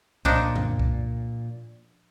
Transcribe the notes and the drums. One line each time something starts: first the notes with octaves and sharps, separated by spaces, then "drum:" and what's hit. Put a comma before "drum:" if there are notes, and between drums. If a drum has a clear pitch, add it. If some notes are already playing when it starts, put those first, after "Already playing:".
A#2 F3 D4 D#4, drum: kick C2
drum: tom
drum: kick C2